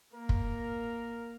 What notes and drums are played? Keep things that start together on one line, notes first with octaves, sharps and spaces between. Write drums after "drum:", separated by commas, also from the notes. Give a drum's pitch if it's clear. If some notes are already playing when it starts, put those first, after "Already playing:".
A#3 A#4
drum: kick